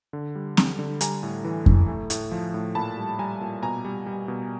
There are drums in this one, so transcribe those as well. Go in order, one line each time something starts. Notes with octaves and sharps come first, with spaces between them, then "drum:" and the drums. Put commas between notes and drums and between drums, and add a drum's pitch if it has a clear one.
D3
G3
G3, drum: snare
D3
G3 G#5 A#5, drum: hi-hat
A2
E3
A2, drum: kick F2
A3
A2, drum: hi-hat
F3
A2
A#2 A5 B5
G3
G3 G#5 A#5
A#2
B2 G#5 A#5
G3
G3
B2